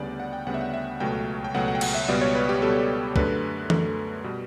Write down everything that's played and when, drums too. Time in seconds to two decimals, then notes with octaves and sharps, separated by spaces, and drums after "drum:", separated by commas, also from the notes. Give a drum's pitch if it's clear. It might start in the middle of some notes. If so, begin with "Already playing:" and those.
Already playing: D2 C#3 G3 B3 D5
0.20 F#5
0.33 G5
0.47 D2 C#3 G3 B3 F#5
0.54 E5
0.61 F#5
0.74 E5
1.00 C#2 B2 F#3 A3 G5
1.44 G5
1.54 C#2 B2 F#3 A3 F#5
1.68 F#5
1.75 G5
1.81 F#5, drum: cymbal
1.94 E5
2.08 C#2 B2 G3 B3 D5
2.21 C#5
2.35 B4
2.49 G4
2.62 C#2 B2 G3 B3 A4
3.16 F#2 D3 A3 B4, drum: kick
3.70 F#2 D3 A3, drum: tom E3
4.24 B2 G3